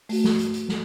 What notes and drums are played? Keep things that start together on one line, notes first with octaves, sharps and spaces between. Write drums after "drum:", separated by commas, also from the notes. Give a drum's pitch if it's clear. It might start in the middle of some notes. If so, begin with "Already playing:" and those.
A3 F#4, drum: open hi-hat
drum: snare
drum: hi-hat
drum: hi-hat
drum: snare